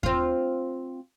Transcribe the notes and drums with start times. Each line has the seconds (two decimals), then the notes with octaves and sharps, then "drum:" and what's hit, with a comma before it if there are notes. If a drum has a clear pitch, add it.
0.03 C4 F4, drum: kick D#2